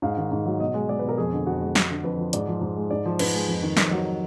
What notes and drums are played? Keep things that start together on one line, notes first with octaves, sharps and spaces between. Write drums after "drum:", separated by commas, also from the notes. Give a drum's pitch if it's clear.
G#2 F5
D#3
G#2
F#3
B2 D#5
G#3
G#3 D5
B2 B4
A#4
F2 G#4
D3
F2 F#4
G#3
F2, drum: snare
D3
F2 B4
F3
G#2 D5, drum: hi-hat
F3
G#2
G#3
G#2 D5
F3
G#2 B4, drum: cymbal
G#3
F2
D#3
F2 A#4, drum: snare
F#3